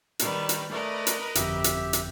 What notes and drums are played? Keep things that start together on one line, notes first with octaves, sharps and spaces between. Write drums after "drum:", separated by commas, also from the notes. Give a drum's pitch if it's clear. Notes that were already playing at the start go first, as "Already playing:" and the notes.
D#3 G3 B4, drum: hi-hat
drum: hi-hat
A3 A#4 B4 D5 D#5
drum: hi-hat
G1 F2 G4 E5, drum: hi-hat
drum: hi-hat
drum: hi-hat